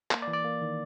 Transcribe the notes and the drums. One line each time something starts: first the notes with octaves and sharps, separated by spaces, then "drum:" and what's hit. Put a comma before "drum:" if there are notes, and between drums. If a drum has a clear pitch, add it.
A#3, drum: clap
D5
E3
D5
A#3
D#3